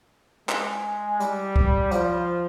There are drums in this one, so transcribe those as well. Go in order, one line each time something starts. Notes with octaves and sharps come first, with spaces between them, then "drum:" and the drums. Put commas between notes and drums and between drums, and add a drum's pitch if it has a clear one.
G#3, drum: clap
G3, drum: hi-hat
drum: kick C2
F3, drum: hi-hat